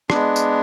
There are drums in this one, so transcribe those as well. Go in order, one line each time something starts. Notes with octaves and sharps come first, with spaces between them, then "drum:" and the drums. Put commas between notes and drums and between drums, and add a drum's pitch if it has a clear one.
G#3 B3 D4, drum: rim click
drum: tambourine